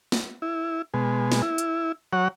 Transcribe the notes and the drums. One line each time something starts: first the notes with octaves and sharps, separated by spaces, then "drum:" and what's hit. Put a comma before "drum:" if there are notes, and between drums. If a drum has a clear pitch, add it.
drum: snare
E4
B2 G#3
drum: snare
E4
drum: hi-hat
F#3 C#5 F#5